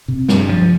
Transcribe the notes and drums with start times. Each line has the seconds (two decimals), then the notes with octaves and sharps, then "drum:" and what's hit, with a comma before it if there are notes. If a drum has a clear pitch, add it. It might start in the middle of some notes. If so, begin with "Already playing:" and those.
0.08 C3
0.29 G2, drum: snare
0.49 F3